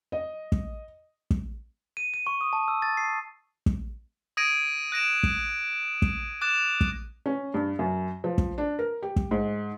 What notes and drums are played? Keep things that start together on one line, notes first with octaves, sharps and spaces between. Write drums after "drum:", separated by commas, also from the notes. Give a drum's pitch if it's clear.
D#5
drum: kick
drum: kick
D#7
D#7
C#6
D#6
A5
E6
A6
C7
drum: kick
D#6 G#6 A#6 D7 D#7
F#6 A#6 D7 E7
drum: kick
drum: kick
D6 F#6 A6 E7
drum: kick
C#4
G2
F#2
F3
drum: kick
D4
A#4
G4
drum: kick
G#2